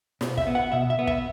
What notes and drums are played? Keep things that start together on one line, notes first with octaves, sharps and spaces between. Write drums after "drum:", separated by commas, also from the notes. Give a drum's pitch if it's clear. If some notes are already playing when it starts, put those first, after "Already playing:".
B2, drum: snare
E5, drum: kick
B3
F#5
B2 E5
E5
B3
E5, drum: kick